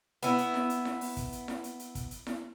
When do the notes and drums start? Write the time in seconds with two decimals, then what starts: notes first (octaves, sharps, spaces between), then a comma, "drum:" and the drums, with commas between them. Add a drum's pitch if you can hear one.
0.23 B3 E4, drum: hi-hat
0.38 drum: hi-hat
0.54 drum: snare E4
0.70 drum: hi-hat
0.85 drum: snare E4
1.01 drum: open hi-hat
1.17 drum: kick, hi-hat
1.32 drum: hi-hat
1.48 drum: snare E4
1.64 drum: hi-hat
1.79 drum: hi-hat
1.95 drum: kick, hi-hat
2.11 drum: hi-hat
2.27 drum: snare E4